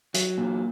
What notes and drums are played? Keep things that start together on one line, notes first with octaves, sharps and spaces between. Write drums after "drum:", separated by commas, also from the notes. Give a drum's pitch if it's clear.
F#3, drum: hi-hat
A#2